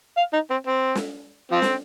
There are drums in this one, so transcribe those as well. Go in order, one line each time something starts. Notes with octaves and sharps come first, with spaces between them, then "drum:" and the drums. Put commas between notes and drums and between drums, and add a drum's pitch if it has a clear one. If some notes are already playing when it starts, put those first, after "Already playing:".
F5
D#4
C4
C4
drum: snare
F3 C4
drum: snare